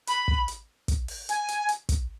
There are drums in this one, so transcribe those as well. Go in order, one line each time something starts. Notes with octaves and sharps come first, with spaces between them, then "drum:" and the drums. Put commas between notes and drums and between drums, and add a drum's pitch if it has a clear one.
B5, drum: hi-hat
drum: kick
drum: hi-hat
drum: kick, hi-hat
drum: open hi-hat
G#5, drum: hi-hat
drum: hi-hat
drum: hi-hat
drum: kick, hi-hat